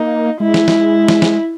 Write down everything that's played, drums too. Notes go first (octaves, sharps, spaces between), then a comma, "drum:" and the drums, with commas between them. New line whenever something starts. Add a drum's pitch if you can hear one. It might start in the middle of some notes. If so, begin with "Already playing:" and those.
Already playing: A#3 D#4
G#3 E4
drum: snare
drum: snare
drum: snare
drum: snare